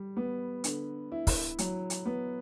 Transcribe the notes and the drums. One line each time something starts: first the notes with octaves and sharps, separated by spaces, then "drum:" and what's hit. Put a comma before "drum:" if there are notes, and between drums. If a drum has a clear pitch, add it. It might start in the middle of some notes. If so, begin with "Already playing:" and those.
Already playing: G3
B3
D3, drum: hi-hat
E4
drum: kick, open hi-hat
F#3, drum: hi-hat
drum: hi-hat
B3